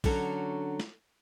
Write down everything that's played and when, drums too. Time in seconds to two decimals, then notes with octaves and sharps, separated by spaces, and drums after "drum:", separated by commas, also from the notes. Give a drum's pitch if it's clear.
0.04 D3 F#3 C#4 D4 F#4 A4, drum: kick A#1, open hi-hat
0.80 drum: snare